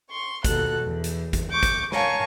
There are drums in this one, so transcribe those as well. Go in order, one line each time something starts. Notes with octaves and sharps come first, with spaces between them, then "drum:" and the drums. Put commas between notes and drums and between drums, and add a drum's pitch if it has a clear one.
C6 C#6
D#2 B2 F#4 A4 F#6, drum: kick, hi-hat
E2
drum: hi-hat
drum: kick, hi-hat
C#6 D6 G6
drum: kick, hi-hat
A#4 C#5 F5 G#5 A5 C#6, drum: snare